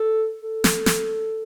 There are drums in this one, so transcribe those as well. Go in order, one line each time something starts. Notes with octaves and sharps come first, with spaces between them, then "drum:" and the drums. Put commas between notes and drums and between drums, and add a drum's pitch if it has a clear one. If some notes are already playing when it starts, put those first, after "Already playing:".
Already playing: A4
A4
drum: snare
drum: snare